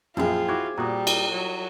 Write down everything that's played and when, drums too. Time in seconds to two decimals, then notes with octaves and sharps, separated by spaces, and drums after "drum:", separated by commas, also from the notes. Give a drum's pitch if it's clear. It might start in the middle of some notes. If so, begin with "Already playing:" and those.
0.17 A#1 F#2 F3 C4 E4 F4 G#4 G5
0.48 E4 F#4 D6 G#6
0.78 A#2 G3 F#4 A#5 D#6
1.07 drum: cymbal
1.32 F#3